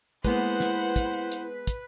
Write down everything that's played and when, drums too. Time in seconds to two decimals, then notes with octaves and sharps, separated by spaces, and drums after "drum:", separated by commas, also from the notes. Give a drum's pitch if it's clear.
0.24 G#3 A#3 B3 E4 B4 C5 F#5, drum: kick, hi-hat
0.60 drum: snare
0.96 drum: kick, hi-hat
1.32 drum: hi-hat
1.67 drum: kick, hi-hat